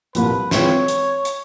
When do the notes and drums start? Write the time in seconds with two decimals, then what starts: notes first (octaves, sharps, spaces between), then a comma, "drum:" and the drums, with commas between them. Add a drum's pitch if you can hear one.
0.15 C2 A#2 F3 A#3 B4, drum: hi-hat
0.51 E3 G#3 C4 F4 C#5, drum: snare
0.88 drum: hi-hat
1.25 drum: hi-hat